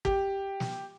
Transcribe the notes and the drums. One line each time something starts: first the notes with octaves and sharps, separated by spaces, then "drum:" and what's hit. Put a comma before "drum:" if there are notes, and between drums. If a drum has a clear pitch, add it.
G4, drum: kick
drum: snare